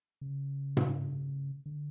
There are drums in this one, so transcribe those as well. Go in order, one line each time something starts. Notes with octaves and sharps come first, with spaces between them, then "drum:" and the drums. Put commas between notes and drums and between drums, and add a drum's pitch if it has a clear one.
C#3
drum: tom G#2
D3